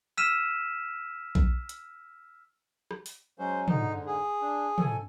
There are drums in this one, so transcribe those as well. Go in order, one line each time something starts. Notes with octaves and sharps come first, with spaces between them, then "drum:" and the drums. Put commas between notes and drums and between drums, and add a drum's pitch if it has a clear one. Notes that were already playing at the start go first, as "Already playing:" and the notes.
E6 F6 B6 D#7 E7
drum: kick B1
drum: hi-hat
drum: rim click
drum: open hi-hat
F#3 G#3 C#4 C5
G#2 D3 D#4, drum: tom
G#4
D4
F2 A4 G#5, drum: tom